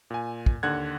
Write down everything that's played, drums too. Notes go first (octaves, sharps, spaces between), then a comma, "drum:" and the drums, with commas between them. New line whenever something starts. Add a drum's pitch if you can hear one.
A#2 G#5
drum: kick
D#2 D3 F#5 F#6 G#6